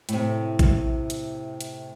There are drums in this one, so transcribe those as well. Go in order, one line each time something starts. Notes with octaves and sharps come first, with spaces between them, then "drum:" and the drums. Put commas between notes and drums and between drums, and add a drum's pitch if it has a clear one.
A2 C3, drum: hi-hat
drum: kick A#1, hi-hat
drum: hi-hat
drum: hi-hat